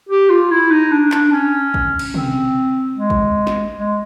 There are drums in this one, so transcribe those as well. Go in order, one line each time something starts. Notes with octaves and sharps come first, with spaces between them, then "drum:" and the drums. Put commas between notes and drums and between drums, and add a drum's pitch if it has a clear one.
G4
F4
E4
D#4
D4
D4, drum: clap
C#4
drum: kick
drum: cymbal
C4, drum: tom
G#3
drum: kick
drum: snare
G#3